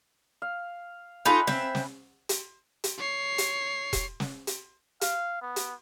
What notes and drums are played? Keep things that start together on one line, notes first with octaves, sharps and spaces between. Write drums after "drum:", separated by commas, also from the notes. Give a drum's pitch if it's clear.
F5
D#4 F4 A4 B4 G#5 B5
C4 E5, drum: snare
drum: snare
drum: hi-hat
drum: hi-hat
C#5 C7
drum: hi-hat
drum: kick E1, hi-hat
drum: snare
drum: hi-hat
F5, drum: hi-hat
B3
drum: hi-hat